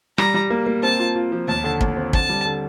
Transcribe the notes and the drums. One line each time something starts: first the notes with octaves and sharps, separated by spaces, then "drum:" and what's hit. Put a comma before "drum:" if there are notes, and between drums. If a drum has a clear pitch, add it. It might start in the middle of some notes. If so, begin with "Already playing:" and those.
G3 A#5, drum: rim click
G3
A#3
A#3
C4 A5
F4
F4
F3
D#2 A5
D3
D#2, drum: kick
C4
D3 A5, drum: kick
G3
D3